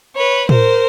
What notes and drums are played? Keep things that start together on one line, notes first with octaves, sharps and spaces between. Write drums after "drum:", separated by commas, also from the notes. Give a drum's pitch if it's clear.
B4 C#5
A#4 C5, drum: tom A2